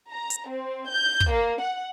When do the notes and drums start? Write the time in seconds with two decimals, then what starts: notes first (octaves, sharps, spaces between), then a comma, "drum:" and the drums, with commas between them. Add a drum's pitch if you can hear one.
0.11 A#5
0.30 drum: hi-hat
0.48 C4
0.90 G6
1.20 drum: kick
1.31 A#3
1.61 F#5